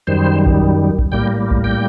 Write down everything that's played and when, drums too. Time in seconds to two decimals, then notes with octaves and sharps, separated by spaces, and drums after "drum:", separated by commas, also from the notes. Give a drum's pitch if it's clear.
0.07 F#2 D#3 G3 C5
0.46 drum: kick A#1
0.99 drum: kick A#1
1.12 A2 G3 A#3 G5
1.51 drum: kick A#1
1.64 G5